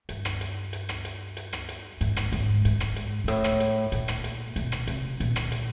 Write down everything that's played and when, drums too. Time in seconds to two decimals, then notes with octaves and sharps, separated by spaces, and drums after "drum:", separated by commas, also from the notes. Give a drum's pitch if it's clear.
0.09 G2, drum: hi-hat
0.25 drum: rim click
0.41 drum: hi-hat
0.73 drum: hi-hat
0.89 drum: rim click
1.05 drum: hi-hat
1.37 drum: hi-hat
1.53 drum: rim click
1.69 drum: hi-hat
2.01 G#2, drum: hi-hat
2.16 drum: rim click
2.32 G#2, drum: hi-hat
2.65 G#2, drum: hi-hat
2.80 drum: rim click
2.96 drum: hi-hat
3.24 G#2
3.28 A2, drum: hi-hat
3.44 drum: rim click
3.60 drum: hi-hat
3.92 A#2, drum: hi-hat
4.08 drum: rim click
4.24 drum: hi-hat
4.56 B2, drum: hi-hat
4.72 drum: rim click
4.87 C3, drum: hi-hat
5.20 A#2, drum: hi-hat
5.36 drum: rim click
5.52 drum: hi-hat